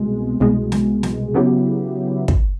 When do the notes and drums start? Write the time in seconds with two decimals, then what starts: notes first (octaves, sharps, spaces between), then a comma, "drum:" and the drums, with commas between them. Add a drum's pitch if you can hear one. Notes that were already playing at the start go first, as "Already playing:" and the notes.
Already playing: C2 B2 G#3
0.40 C2 B2 G#3
0.72 drum: snare
1.03 drum: snare
1.34 C#3 F#3 B3 E4 G4
2.28 drum: kick